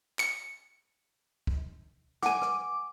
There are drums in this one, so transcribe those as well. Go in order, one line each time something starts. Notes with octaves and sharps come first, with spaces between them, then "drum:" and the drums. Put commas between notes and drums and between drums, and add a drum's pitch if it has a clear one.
C#7, drum: clap
drum: kick
F#5 G#5 D6, drum: snare
drum: rim click